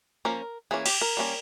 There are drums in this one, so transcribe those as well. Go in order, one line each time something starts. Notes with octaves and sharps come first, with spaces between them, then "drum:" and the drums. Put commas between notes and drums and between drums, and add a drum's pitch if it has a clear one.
F3 A#3 C#4 A#4
E3 A#3 C#4 G#4
G4, drum: cymbal
A#4
G3 A#3 C#4